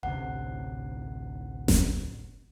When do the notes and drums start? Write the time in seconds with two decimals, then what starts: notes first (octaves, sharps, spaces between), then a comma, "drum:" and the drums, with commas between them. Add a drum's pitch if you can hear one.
0.03 A1 D2 C3 F#5
1.68 drum: snare F#1